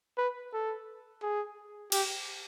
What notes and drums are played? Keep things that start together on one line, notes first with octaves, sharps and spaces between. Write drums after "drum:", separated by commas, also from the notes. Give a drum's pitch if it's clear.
B4
A4
G#4
G4, drum: cymbal